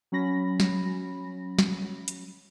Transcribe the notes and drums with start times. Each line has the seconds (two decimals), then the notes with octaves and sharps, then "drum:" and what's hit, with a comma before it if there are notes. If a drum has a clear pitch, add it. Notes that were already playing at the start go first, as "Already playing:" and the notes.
0.12 F#3 C#4 B5 A#6
0.60 drum: snare
1.59 drum: snare
2.08 drum: hi-hat